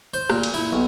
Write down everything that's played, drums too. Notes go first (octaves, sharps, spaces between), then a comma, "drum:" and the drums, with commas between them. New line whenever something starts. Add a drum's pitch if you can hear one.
C5
A#2, drum: rim click
drum: cymbal
E4
B1